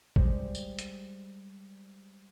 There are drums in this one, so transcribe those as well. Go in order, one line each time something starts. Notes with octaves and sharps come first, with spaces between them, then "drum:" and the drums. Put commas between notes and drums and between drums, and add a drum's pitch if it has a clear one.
G3 G#3 C5, drum: kick
drum: tambourine
drum: hi-hat